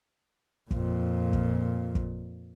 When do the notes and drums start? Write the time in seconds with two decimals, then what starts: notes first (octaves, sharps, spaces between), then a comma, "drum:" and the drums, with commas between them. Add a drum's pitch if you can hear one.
0.71 F2 A#2, drum: kick
1.33 drum: kick
1.95 drum: kick